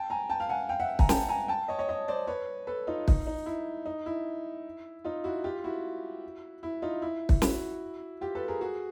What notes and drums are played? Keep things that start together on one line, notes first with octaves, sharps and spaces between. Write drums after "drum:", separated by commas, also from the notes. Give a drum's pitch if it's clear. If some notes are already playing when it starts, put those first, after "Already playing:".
Already playing: G5 A5
G#5 A#5
G5 A5
F5 G5
F#5 G#5
F5 G5
E5 F#5
G#5 A#5, drum: kick
G5 A5, drum: snare
G#5 A#5
G5 A5
C#5 D#5
C#5 D#5
C#5 D#5
C5 D5
B4 C#5
A4 B4
D#4 F4
D#4, drum: kick
D#4
E4
D#4
E4
D#4 F4
E4 F#4
F4 G4
E4 F#4
E4
D#4 F4
E4
drum: kick
E4 F#4, drum: snare
F4 G4
A4 B4
G#4 A#4
F#4 G#4